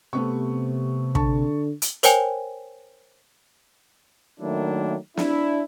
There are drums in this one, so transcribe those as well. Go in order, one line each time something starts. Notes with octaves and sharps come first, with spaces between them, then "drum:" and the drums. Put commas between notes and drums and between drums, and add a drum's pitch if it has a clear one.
C3 A3 B3 C#6
D3 A5 C#6, drum: kick
drum: hi-hat
A#4 C5 C#5 G5 G#5 F7, drum: hi-hat
D#3 F#3 A3 A#3 D4 E4
D4 E4, drum: snare